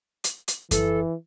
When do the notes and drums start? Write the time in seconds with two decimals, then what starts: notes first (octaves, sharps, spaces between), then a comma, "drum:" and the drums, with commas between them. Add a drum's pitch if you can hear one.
0.24 drum: hi-hat
0.48 drum: hi-hat
0.71 E3 A4, drum: kick F#2, hi-hat